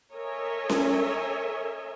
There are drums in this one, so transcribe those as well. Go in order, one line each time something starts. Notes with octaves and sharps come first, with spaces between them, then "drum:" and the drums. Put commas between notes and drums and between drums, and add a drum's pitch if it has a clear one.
A4 A#4 C#5 D#5 E5 G#5
drum: snare C#4